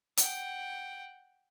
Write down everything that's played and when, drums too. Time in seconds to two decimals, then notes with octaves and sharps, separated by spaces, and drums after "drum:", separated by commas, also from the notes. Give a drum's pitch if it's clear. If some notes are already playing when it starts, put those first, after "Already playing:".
0.17 F#5 G5, drum: hi-hat